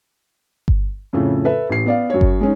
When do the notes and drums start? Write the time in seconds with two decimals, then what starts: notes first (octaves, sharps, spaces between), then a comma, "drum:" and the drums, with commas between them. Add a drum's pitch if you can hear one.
0.68 drum: kick G1
1.13 F2 A2 C#3 A3
1.44 A4 B4 E5
1.69 A1 C7
1.86 B3 D5 F5
2.10 F#2 C#5
2.21 drum: kick G1
2.41 G#3 C#4 D#4